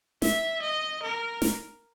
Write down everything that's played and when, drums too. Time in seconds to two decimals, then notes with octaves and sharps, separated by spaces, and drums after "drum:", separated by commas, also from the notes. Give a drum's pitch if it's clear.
0.22 E5, drum: snare
0.62 D#5
1.03 A#4
1.42 drum: snare